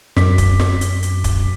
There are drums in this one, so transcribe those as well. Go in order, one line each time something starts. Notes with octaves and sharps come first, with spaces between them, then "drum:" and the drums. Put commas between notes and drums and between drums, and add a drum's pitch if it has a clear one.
F#2 D6 B6, drum: snare
drum: kick, hi-hat
drum: snare
drum: hi-hat
drum: hi-hat
drum: kick, hi-hat